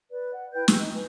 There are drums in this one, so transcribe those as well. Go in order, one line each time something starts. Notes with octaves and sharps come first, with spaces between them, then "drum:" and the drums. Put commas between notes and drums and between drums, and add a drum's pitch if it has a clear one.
B4 D5
F#5
E4 B4 G5 G6
G4 G#4 E6, drum: snare
D#4
B4 G#5